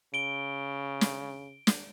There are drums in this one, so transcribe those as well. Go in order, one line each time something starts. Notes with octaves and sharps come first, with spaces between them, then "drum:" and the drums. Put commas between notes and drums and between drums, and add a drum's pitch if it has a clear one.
C#3 D7 G7
drum: snare
drum: snare